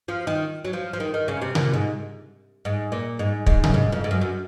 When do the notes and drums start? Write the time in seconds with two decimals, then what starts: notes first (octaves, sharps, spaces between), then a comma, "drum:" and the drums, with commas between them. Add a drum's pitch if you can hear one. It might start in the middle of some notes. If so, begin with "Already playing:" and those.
0.08 F3
0.27 D#3
0.65 F#3
0.73 F3
0.93 F3
1.00 D#3
1.14 D#3
1.28 C#3
1.42 C3
1.55 A#2, drum: tom C3
1.73 G#2
2.65 G#2
2.92 A#2
3.19 G#2
3.47 G#2, drum: kick
3.64 F#2, drum: tom C3
3.74 G#2
3.92 F2
4.04 G#2
4.11 F#2
4.21 F#2